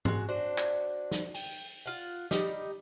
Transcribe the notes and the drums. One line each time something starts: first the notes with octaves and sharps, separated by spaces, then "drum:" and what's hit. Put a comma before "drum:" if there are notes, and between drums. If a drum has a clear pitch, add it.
G#3 F#4, drum: tom
D4 F#4 C5
drum: clap
drum: snare
G5, drum: open hi-hat
F4 F#5
G3 D#4, drum: snare